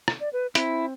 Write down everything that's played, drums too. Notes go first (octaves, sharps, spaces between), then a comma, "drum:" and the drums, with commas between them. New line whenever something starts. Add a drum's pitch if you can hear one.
drum: rim click
D5
B4
C4 E4, drum: hi-hat